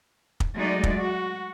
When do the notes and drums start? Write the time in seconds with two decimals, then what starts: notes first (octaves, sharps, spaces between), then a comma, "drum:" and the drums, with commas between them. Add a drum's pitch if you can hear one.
0.40 drum: kick
0.55 F#3 G#3 A3 D#4 D5
0.84 drum: kick
0.96 F#4